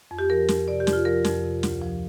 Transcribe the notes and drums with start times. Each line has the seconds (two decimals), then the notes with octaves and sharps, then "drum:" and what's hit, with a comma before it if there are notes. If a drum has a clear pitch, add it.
0.11 F2
0.19 G4
0.30 F3 A#4
0.48 F2, drum: snare
0.68 C3 D5
0.80 G4
0.87 F2, drum: snare
0.93 F4
1.05 F3 A#4
1.25 F2, drum: snare
1.43 C3
1.63 D2, drum: snare
1.81 F3